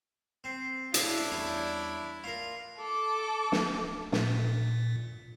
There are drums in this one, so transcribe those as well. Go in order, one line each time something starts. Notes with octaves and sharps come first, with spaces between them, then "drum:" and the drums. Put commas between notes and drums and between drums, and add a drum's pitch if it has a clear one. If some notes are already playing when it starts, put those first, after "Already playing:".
C4
A2 C#3 D4 E4, drum: hi-hat
E2 G3 C#4
F4 A#4
A4 D6
drum: snare
A#2, drum: snare